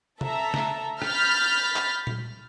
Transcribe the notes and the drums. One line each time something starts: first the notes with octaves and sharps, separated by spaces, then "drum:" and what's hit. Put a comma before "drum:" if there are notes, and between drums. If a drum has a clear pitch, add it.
A4 E5 A#5, drum: tom C3
drum: snare
B5 F6 G6 A6 B6, drum: rim click
drum: clap
drum: tom A#2